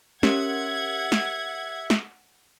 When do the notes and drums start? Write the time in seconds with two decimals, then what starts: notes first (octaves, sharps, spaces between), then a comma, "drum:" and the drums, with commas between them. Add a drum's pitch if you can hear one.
0.23 C#4 G4 A#4 C#5 E5 F#5 G#6, drum: snare
1.12 drum: snare
1.90 drum: snare